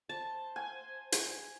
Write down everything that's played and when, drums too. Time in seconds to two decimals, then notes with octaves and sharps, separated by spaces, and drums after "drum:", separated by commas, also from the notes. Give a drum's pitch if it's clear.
0.09 C5 A5
0.56 G#5
1.12 drum: hi-hat